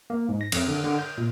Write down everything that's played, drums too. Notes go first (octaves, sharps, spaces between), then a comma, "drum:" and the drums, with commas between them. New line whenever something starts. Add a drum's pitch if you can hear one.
A#3
G#2
A#6
F2, drum: cymbal
D3
D3
G6
A#2